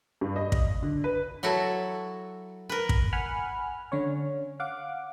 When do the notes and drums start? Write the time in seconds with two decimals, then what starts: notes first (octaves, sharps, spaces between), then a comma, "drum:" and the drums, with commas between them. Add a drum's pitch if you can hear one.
0.21 G2
0.36 D#5
0.52 drum: kick
0.83 D3
1.04 B4
1.43 F#3 E4 F#4 A4
2.69 A#4 B4
2.89 drum: kick
3.13 F#5 G#5 B5 F6
3.92 D3 C#4 C#5
4.60 F5 F#5 D6